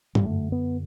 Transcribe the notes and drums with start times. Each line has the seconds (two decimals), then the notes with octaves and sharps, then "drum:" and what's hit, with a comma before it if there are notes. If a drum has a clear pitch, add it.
0.15 G3, drum: tom G2
0.25 F#2 D3 A3
0.52 B3